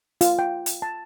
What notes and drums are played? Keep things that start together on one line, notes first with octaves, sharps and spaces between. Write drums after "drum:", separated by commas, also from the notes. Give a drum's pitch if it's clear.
F4, drum: hi-hat
G5
drum: hi-hat
A5